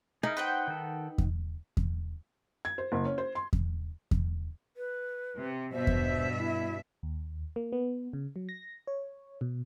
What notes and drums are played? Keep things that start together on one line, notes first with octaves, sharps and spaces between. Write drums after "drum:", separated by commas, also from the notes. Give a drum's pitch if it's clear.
D#4 E4 G#4 A#4
B4 C5 F#5 G5
D#3 A4
drum: kick E2
drum: kick E2
G#6
C5
F#1
C#4
C5
C6
drum: kick E2
drum: kick E2
B4
C3
G2 B2 C5 E5
drum: kick E2
E4
D#2
A#3
B3
C#3
F#3
A#6
C#5
B2